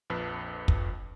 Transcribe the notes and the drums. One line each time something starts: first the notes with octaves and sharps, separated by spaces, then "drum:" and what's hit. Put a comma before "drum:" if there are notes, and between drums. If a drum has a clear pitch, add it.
A#1 F2 B4 A5
drum: kick